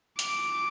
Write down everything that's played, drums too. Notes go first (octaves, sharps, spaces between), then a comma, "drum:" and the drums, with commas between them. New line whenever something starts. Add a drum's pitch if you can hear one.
D6, drum: hi-hat